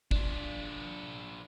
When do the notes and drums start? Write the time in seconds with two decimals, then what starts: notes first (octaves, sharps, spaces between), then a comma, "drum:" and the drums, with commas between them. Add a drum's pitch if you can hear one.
0.11 D4 F4, drum: kick